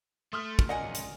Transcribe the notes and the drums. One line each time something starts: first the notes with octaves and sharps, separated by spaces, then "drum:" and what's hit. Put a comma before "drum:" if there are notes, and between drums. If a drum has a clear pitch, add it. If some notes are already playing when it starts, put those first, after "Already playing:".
A3 C6 D#6 F6
drum: kick
C#2 A#4 D5 D#5 F#5 G#5
drum: hi-hat